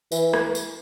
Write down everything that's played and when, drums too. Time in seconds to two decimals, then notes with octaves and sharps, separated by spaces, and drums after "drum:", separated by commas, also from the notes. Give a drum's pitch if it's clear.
0.12 E3, drum: tambourine
0.33 drum: rim click
0.55 drum: tambourine